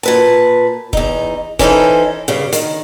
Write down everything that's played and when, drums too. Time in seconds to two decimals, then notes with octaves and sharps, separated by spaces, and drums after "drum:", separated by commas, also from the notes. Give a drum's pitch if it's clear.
0.03 A#2 B4 A5
0.93 E2 D#4, drum: kick F1
1.59 E3 C#4 D#4 A4 C5, drum: kick F1
2.28 G2 C#3
2.53 D#3, drum: hi-hat